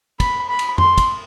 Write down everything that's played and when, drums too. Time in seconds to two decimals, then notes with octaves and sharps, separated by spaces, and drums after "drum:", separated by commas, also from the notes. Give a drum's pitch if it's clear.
0.20 B5, drum: kick, cymbal
0.49 B5
0.59 drum: cymbal
0.78 C6, drum: tom F2
0.98 drum: kick, cymbal